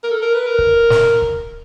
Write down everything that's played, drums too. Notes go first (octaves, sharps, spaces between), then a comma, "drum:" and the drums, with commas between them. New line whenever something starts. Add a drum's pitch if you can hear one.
A#4
A4
A#4
B4
A#4
drum: kick C#1
drum: snare
drum: kick C#1